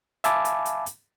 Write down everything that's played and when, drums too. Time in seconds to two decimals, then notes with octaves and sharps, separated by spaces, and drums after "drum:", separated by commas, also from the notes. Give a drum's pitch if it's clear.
0.24 E5 F5 G#5 A5 B5 D6, drum: hi-hat
0.45 drum: hi-hat
0.65 drum: hi-hat
0.86 drum: hi-hat